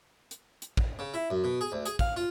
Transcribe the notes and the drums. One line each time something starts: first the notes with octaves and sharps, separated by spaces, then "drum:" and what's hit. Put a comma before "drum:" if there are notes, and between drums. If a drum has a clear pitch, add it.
drum: hi-hat
drum: hi-hat
drum: kick
C#3
E4
F#2
B2
G#4
D2
G#4, drum: hi-hat
F5, drum: kick
F4